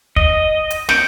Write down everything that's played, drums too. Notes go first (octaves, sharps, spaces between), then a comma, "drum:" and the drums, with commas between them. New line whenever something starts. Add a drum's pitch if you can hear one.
D#5, drum: kick
drum: hi-hat
G6 C#7 D7, drum: snare